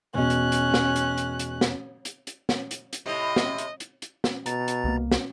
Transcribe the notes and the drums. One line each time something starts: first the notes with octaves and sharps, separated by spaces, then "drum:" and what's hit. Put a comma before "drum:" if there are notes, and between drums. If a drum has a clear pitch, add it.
E1 B2 C#4 F#6
drum: hi-hat
drum: hi-hat
drum: snare
drum: hi-hat
drum: hi-hat
drum: hi-hat
drum: snare
drum: hi-hat
drum: hi-hat
drum: snare
drum: hi-hat
drum: hi-hat
A2 C3 D#5
drum: snare
drum: hi-hat
drum: hi-hat
drum: hi-hat
drum: snare
B2 A#5 A6, drum: hi-hat
drum: hi-hat
C2 E3 A#3
drum: snare